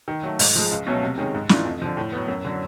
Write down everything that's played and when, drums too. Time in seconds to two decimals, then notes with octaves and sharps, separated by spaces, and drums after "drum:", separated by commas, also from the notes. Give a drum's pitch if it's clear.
0.08 D#3
0.23 F#3 A3
0.39 G#2, drum: open hi-hat
0.56 F3 G#3
0.71 C#2
0.87 B2 F#3 A3 C#4
1.03 C3
1.18 D#3 G#3 C#4
1.35 G#2
1.49 E3 A3 D4 F4, drum: snare
1.65 F2
1.82 D3 F3
1.97 A2
2.12 F#3 B3
2.28 F#2
2.45 D3 F#3